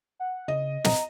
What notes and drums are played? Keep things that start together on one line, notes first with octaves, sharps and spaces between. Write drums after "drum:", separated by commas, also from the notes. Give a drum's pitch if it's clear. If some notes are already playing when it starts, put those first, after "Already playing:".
F#5
C#3 D#5
D#5 A#5, drum: snare